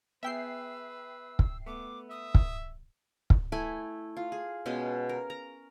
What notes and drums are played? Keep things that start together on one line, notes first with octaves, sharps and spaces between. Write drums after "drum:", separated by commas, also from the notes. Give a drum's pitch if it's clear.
B3 G#4 B4 E5 G5 E6 C7
drum: kick
A3 B3 D6
E5 D#6
drum: kick
drum: kick
A3 E4 G#5 B5
F4
G#4
B2 G#3 C#4 G#5
A#4
A#5